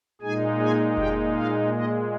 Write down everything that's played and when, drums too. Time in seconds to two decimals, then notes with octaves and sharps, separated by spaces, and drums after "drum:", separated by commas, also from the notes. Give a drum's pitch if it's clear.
0.21 A#2 G#3 D#4 G#4 G#5
0.60 G#4 G#5
0.97 G4 G5, drum: kick F1
1.36 F4 F5
1.73 D#4 D#5